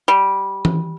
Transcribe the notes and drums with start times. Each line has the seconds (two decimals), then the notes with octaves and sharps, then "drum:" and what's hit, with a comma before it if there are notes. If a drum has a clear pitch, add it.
0.08 G3
0.65 drum: tom E3